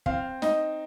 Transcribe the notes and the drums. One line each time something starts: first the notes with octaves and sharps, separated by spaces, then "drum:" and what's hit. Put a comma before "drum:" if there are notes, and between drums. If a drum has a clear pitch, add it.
C4 F5, drum: kick
D#4 D#5, drum: snare